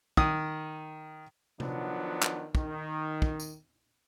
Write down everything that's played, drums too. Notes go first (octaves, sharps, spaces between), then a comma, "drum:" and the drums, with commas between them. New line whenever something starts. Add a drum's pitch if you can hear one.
D#3 D#6, drum: kick
D#3 F3 F#3 B3 D4, drum: tom C3
drum: clap
D#3, drum: kick
drum: kick
drum: tambourine